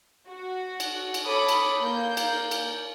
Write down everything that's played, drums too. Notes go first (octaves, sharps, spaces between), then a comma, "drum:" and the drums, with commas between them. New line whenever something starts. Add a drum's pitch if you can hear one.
F#4
drum: cymbal
drum: cymbal
A4 C#5 B5 D6 D#6
drum: cymbal
A#3 G6
drum: cymbal
drum: cymbal